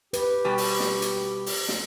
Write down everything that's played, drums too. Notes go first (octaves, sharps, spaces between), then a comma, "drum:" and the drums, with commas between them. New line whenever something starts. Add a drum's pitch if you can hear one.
G4 B4, drum: hi-hat
B2 G3
drum: open hi-hat
drum: snare
drum: hi-hat
drum: open hi-hat
drum: snare